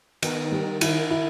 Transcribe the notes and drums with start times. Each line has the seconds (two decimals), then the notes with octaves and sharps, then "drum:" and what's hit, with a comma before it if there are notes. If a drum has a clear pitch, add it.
0.22 D#3 B3, drum: cymbal
0.52 G3
0.81 E4, drum: cymbal
1.10 E4